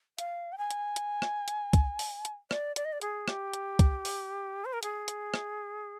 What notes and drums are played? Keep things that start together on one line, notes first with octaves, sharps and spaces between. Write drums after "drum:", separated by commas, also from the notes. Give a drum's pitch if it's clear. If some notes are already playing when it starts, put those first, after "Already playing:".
F5, drum: hi-hat
G5
G#5
drum: hi-hat
drum: hi-hat
drum: rim click
drum: hi-hat
drum: kick, hi-hat
drum: open hi-hat
drum: hi-hat
D5, drum: rim click
D5, drum: hi-hat
D#5
D5
G#4, drum: hi-hat
G4, drum: rim click
drum: hi-hat
drum: kick, hi-hat
drum: open hi-hat
C5
A#4
G#4, drum: hi-hat
drum: hi-hat
drum: rim click